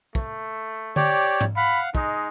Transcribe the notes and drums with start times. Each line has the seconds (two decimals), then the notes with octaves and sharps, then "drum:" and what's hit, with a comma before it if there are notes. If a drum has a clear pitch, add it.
0.15 A3, drum: kick
0.96 G4 C#5 D5, drum: tom D3
1.41 drum: tom G#2
1.57 F5 F#5 B5
1.95 G#3 D#4, drum: kick